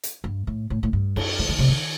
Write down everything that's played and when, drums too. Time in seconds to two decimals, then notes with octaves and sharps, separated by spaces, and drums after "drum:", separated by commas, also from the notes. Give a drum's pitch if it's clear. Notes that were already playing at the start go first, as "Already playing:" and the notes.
0.04 drum: hi-hat
0.24 G2
0.47 A2
0.70 A2
0.83 A2
0.93 G2
1.16 F#2, drum: cymbal
1.39 E3
1.49 D#3
1.59 C3
1.68 D#3